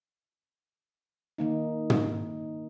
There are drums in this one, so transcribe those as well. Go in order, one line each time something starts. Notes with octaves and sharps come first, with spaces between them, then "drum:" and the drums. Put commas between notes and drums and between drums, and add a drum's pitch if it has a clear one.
D#3 A#3 D#4
drum: tom